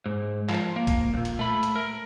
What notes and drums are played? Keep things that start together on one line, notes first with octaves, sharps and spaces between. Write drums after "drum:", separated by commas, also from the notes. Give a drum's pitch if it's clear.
G#2
F3, drum: clap
A#3
drum: kick, hi-hat
B1 A#2
drum: hi-hat
A3 B5
drum: hi-hat
A#4